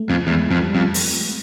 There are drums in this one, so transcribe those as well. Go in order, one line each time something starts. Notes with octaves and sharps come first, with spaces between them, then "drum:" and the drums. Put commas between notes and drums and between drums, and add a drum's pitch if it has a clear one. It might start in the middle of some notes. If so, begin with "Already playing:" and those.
Already playing: G#3 A3
F2
E2 G#3
F2
G3
F2
drum: open hi-hat